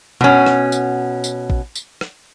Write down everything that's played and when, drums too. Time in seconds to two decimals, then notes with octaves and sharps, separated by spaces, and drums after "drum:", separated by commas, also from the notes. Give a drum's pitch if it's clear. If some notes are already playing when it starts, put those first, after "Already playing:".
0.21 B2 C#4, drum: tom B2
0.46 drum: rim click
0.72 drum: tambourine
1.24 drum: tambourine
1.50 drum: kick A1
1.75 drum: tambourine
2.01 drum: rim click